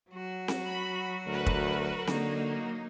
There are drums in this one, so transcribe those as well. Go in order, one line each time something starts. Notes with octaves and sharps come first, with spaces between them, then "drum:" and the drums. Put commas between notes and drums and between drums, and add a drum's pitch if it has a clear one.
F#3 F#4
drum: snare C4
B5
D2 A#4 B4
drum: kick
D3 A#3 D#4, drum: snare C4